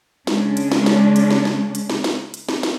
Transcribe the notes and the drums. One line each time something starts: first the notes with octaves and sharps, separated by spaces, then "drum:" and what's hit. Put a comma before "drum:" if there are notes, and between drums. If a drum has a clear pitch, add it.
C#3 G#3 C#4 D4, drum: snare
drum: hi-hat
drum: snare
drum: snare
drum: hi-hat
drum: snare
drum: snare
drum: hi-hat
drum: snare
drum: snare
drum: hi-hat
drum: snare
drum: snare